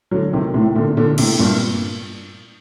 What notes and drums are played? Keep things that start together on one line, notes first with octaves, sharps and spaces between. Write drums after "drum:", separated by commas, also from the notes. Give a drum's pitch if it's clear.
D3 F#3
C3 D#3
A2 C3
A#2 D3
A#2 D3
A2 C3, drum: cymbal
G2 A#2